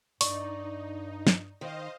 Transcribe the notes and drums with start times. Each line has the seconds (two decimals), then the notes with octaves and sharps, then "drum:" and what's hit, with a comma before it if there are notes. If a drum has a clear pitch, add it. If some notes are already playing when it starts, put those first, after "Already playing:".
0.21 G2 D#4 D5 C#6, drum: open hi-hat
1.27 drum: snare
1.61 D#3 C5 D#5 F5